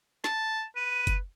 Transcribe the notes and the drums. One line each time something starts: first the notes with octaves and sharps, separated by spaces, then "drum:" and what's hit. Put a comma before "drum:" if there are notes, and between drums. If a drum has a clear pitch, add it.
A5, drum: snare
B4 D#7
drum: kick F#1, hi-hat